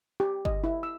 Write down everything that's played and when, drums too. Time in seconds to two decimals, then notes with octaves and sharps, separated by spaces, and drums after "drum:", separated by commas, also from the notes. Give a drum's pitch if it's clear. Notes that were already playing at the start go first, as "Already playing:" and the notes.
0.20 G4
0.45 D#5, drum: kick G1
0.64 E4
0.83 E6